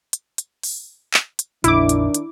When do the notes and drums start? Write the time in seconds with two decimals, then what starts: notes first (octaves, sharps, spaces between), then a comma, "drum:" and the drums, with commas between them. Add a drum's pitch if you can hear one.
0.13 drum: hi-hat
0.38 drum: hi-hat
0.63 drum: open hi-hat
1.14 drum: clap
1.39 drum: hi-hat
1.64 A#1 F2 D#3 D4 E4 D6, drum: hi-hat
1.89 drum: hi-hat
2.14 drum: hi-hat